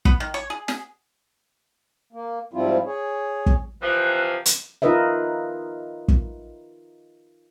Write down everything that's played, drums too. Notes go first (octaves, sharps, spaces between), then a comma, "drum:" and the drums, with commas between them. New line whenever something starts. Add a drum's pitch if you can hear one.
B3, drum: kick
D#3
C#5
G#4
G#4, drum: snare
A#3
G#2 F3 G3 C4 E4 F4
G#4 C#5
drum: kick
C3 E3 F3 F#6
drum: hi-hat
D#4 F4 A#4 B4 D#5 E5
drum: kick